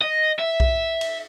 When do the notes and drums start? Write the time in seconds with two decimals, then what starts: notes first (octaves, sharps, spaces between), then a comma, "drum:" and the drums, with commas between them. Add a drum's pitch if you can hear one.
0.01 D#5
0.39 E5
0.60 drum: kick B1
1.01 drum: cymbal